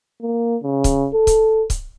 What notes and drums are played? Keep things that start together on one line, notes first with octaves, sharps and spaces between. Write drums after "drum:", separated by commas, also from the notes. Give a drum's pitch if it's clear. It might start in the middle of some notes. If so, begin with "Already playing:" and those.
A#3
C#3
drum: kick C#1, hi-hat
A4
drum: kick C#1, hi-hat
drum: kick C#1, hi-hat